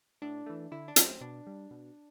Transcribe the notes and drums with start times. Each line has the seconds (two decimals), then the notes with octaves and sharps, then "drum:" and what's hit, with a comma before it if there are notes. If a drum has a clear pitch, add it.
0.22 A2 D4
0.46 E3 A3
0.72 D3 E4
0.88 D4
0.96 F#3 A3, drum: hi-hat
1.04 C4
1.21 B2 D4
1.47 G3
1.71 B2